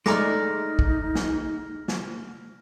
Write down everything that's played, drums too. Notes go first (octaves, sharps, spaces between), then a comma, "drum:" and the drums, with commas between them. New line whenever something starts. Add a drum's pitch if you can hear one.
G#3 A3 D#4 D5 A#5 D6 F6 A#6, drum: snare
drum: kick
drum: snare
drum: snare